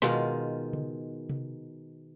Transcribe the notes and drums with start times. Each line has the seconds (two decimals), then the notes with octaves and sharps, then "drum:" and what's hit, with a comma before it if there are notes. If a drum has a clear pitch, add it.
0.02 B2 D#3 G#3 F4, drum: snare
0.73 drum: tom C#3
1.29 drum: tom C3